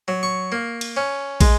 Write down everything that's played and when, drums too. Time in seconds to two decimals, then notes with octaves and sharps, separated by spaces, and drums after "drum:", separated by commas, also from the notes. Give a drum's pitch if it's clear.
0.08 F#3
0.23 C#6
0.52 A#3
0.81 drum: cymbal
0.97 C#4
1.41 G#3, drum: kick, cymbal